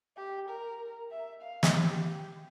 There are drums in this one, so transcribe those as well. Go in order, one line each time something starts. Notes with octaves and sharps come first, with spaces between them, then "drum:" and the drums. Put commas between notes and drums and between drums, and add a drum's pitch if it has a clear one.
G4
A#4
E5
F5
drum: snare
G4